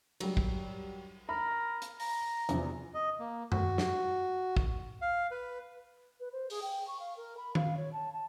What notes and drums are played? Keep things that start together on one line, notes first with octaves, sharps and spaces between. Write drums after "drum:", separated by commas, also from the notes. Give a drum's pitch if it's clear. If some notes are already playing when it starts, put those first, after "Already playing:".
F#3 G3, drum: cymbal
drum: kick
A#4 B5
drum: hi-hat
A#5, drum: open hi-hat
E2 C3 F3, drum: hi-hat
D#5
A#3
F#4, drum: tom F#2
drum: snare
drum: kick
F5
B4
B4
C5
G#4, drum: open hi-hat
G5
C#6
F5
A#4
B5
F5, drum: tom D#3
C#5
A5
A5